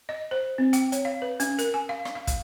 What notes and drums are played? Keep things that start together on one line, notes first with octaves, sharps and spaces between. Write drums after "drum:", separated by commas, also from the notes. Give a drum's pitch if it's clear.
D#5
C5
C4
G5, drum: hi-hat
C#5, drum: hi-hat
F5
B4
C#4, drum: hi-hat
A#4, drum: hi-hat
G#5
F5
drum: rim click
F5
drum: kick, hi-hat